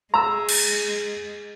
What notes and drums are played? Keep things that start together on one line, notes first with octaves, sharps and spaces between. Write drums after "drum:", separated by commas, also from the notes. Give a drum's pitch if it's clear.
G#3 A#5 E6
drum: cymbal